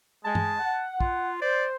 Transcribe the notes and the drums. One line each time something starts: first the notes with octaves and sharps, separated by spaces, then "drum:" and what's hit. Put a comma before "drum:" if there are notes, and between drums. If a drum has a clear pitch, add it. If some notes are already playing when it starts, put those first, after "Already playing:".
G#3 A5
drum: tom G2
F#5
F4, drum: kick
C5 D5